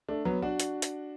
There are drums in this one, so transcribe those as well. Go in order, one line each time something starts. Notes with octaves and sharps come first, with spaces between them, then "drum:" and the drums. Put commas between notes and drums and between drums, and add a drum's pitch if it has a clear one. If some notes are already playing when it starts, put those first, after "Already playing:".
A3 D4
F#3 B3
D4 F#4
drum: hi-hat
drum: hi-hat